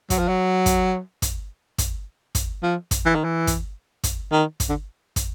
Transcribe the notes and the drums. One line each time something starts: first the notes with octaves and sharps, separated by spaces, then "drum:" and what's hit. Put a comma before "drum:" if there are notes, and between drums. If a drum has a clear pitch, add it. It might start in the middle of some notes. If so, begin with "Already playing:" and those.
F#3, drum: kick, hi-hat
F3
F#3
drum: kick, hi-hat
drum: kick, hi-hat
drum: kick, hi-hat
drum: kick, hi-hat
F3
drum: kick, hi-hat
E3
D#3
E3
drum: kick, hi-hat
drum: kick, hi-hat
D#3
drum: kick, hi-hat
D3
drum: kick, hi-hat